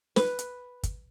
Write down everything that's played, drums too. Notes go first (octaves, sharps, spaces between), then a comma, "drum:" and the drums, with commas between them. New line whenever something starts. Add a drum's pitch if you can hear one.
B4, drum: snare
drum: hi-hat
drum: kick, hi-hat